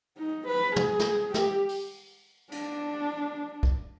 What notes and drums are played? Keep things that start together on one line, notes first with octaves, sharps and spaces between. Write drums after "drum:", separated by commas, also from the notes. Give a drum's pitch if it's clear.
D#4
B4
G#4, drum: tom
drum: snare
G4, drum: snare
drum: open hi-hat
D4, drum: cymbal
drum: kick